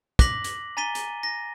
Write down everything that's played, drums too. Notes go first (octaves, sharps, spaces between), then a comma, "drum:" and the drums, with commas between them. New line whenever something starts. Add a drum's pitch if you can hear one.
D6 F#6 A#6 B6 F#7, drum: kick, hi-hat
drum: hi-hat
G#5 A#5 A6 B6 D#7 G7
drum: hi-hat
A#6